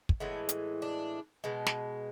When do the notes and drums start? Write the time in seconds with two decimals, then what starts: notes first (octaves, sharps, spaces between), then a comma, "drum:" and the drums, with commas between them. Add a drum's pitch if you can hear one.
0.09 drum: kick
0.20 A2 E3 G#3 B3
0.49 drum: hi-hat
0.82 D4
1.44 B2 G#3
1.66 drum: snare